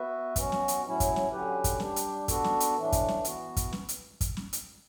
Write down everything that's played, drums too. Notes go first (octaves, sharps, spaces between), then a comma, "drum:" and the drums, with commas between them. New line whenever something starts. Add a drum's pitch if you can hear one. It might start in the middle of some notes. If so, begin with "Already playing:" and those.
Already playing: B3 F#4 B4 E5
B2 F#3 C#4 F#4, drum: kick, hi-hat
drum: snare
drum: hi-hat
A2 F#3 C#4 E4
drum: kick, hi-hat
drum: snare
D3 F#3 C#4 G4 B4
drum: kick, hi-hat
G3 D4 G4, drum: snare
drum: hi-hat
B3 D4 F#4 A4, drum: kick, hi-hat
drum: snare
drum: hi-hat
A2 E3 A3 D4
drum: kick, hi-hat
drum: snare
E3 B3 F#4, drum: hi-hat
drum: kick, hi-hat
drum: snare
drum: hi-hat
drum: kick, hi-hat
drum: snare
drum: hi-hat